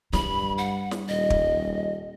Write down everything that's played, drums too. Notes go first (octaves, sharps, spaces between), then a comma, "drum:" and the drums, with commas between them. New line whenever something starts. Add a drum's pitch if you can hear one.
G2 G3 B5, drum: snare
F#5
drum: snare
D#1 D#5
drum: kick